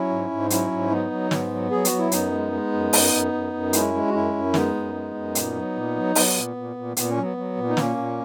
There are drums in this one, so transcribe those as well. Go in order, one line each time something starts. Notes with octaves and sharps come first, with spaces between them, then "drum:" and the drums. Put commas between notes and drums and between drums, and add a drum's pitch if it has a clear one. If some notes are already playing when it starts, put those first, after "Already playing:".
Already playing: F#3 C#4 E4
G#2
G#2
F#3 C#4 E4, drum: hi-hat
G#2
F#3 B3 D#4
F#3
G#2 B3, drum: snare
F#3
F#3 G#4
F#4, drum: hi-hat
F#3
E4
F#2 B3 D#4, drum: hi-hat
G#3
G#3
F#2
F#2, drum: open hi-hat
F#2
F#2
F#2
G#3 C#4 E4, drum: hi-hat
G#3
F#4
F#2 C#4 E4
F#2
G#3 B3 D#4, drum: snare
F#2
G#3
F#2
A#2, drum: hi-hat
F#3
A#2
F#3
F#3 B3, drum: open hi-hat
A#2
A#2
A#2
A#2 B3, drum: hi-hat
C#4
F#3
B3
F#3
A#2
D#4
A#2 A#3 C#4, drum: snare
A#2